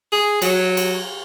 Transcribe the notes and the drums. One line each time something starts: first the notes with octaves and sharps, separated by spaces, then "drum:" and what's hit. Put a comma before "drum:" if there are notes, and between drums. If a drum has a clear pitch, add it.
G#4
F#3, drum: cymbal
drum: cymbal